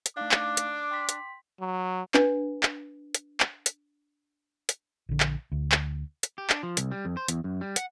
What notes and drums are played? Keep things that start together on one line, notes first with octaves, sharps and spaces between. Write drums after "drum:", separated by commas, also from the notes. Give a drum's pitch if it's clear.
drum: hi-hat
A3 D4 D#4 F5 D6
drum: clap
drum: hi-hat
G5 C6 B6
drum: hi-hat
F#3
D4 B4, drum: clap
drum: clap
drum: hi-hat
drum: clap
drum: hi-hat
drum: hi-hat
A#1 D3
drum: clap
D2
drum: clap
drum: hi-hat
G4
D4, drum: clap
F3
C2, drum: hi-hat
G3
F2
C5
E2, drum: hi-hat
F#2
G3
F#5, drum: hi-hat